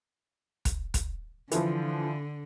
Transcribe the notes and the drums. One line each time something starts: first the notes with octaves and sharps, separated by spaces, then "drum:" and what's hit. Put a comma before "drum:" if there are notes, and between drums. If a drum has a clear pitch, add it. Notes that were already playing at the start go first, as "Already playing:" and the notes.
drum: kick, hi-hat
drum: kick, hi-hat
D3 E3 F3, drum: hi-hat